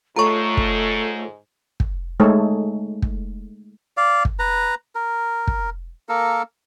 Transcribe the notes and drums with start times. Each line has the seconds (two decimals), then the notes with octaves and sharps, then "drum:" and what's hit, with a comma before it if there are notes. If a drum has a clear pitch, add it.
0.16 G#2 A3 F4 A4 C#5 A#5 C#6
0.57 drum: kick
1.80 drum: kick
2.20 G#3 A3 D#4 A4 C#5
3.02 drum: kick
3.97 D5 F5
4.25 drum: kick
4.39 B4 A#5
4.95 A#4
5.47 drum: kick
6.09 A#3 A4 A#4